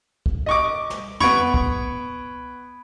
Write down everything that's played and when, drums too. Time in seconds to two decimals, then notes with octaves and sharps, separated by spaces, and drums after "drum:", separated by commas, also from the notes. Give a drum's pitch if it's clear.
0.26 drum: kick
0.46 D#5 C#6 D6
0.90 drum: snare
1.21 B3 B5 C#6 G#6 D7, drum: tom
1.54 drum: kick